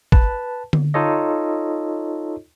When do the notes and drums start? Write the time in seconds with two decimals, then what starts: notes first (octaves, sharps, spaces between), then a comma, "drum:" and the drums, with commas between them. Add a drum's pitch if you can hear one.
0.12 B4 A5, drum: kick
0.73 drum: tom D3
0.94 D#4 F4 A4 C#5 D#5